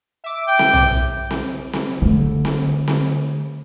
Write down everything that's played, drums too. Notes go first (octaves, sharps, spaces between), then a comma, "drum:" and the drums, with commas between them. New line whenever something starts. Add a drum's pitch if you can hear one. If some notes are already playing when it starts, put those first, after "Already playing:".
E5 D6
G5
drum: snare C4
drum: tom
drum: snare C4
drum: snare C4
D3 A3
drum: snare C4
drum: snare C4